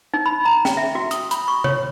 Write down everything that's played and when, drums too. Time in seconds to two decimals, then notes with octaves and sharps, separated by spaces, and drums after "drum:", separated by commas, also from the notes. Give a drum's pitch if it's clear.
0.14 D#4
0.26 B5
0.45 A#5
0.65 G5, drum: snare
0.77 E5
0.95 F#4
1.11 D#6, drum: hi-hat
1.31 B5, drum: hi-hat
1.48 C#6
1.64 C#5, drum: tom C3